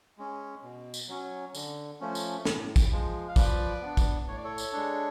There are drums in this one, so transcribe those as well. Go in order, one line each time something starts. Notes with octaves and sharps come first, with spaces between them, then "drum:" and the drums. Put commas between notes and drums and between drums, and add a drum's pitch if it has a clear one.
G#3 C#4
B2
drum: tambourine
F#3 C#4
D3, drum: tambourine
F3 A3 C#4
drum: tambourine
A2, drum: snare
drum: kick, tambourine
F3 G#3
F5
F3 B4 D5, drum: kick, tambourine
B3 D4
drum: kick, tambourine
A2 C#5
D5
A4 C#5
drum: tambourine
G#3 D4